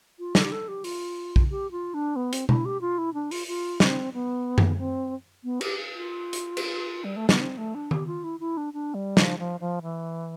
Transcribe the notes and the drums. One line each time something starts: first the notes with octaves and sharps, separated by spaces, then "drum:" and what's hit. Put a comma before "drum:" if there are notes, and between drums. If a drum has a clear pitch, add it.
F4
A4, drum: snare
G4
A4
G4
F4, drum: open hi-hat
drum: kick
G4
F4
D4
B3
C4, drum: hi-hat
E4, drum: tom B2
G4
F4
E4
D4
F4, drum: open hi-hat
F4
C4, drum: snare
B3
drum: tom F#2
C4
B3
G4, drum: cymbal
F4
drum: hi-hat
drum: cymbal
G3
A3
B3, drum: snare
C4
A3
D4
G4, drum: tom D#3
F4
E4
E4
D4
D4
G3
F3, drum: snare
F3
F3
E3